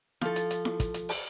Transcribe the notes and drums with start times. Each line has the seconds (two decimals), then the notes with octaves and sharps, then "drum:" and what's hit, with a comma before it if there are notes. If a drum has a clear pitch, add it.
0.21 F3 A4, drum: snare E4
0.36 drum: hi-hat
0.51 drum: hi-hat
0.65 drum: snare E4
0.80 drum: kick, hi-hat
0.94 drum: hi-hat
1.09 drum: open hi-hat